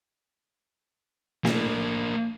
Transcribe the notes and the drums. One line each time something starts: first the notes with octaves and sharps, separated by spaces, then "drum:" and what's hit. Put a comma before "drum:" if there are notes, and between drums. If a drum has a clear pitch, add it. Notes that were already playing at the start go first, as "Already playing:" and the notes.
A#3 D4, drum: snare